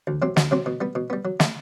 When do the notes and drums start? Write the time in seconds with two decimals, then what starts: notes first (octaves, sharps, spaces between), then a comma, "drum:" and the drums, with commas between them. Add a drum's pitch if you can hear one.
0.07 D2
0.22 C3 F#3 C4
0.36 D2, drum: snare
0.51 C3 F#3 C4
0.66 B2
0.81 G3 B3
0.95 B2
1.10 G3 B3
1.25 F#3
1.40 A3 E4, drum: snare